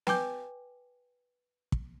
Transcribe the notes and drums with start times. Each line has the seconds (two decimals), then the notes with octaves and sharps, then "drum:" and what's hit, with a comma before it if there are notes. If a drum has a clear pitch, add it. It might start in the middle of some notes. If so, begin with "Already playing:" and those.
0.07 B4 G5 G#5 D6 G6, drum: snare
1.72 drum: kick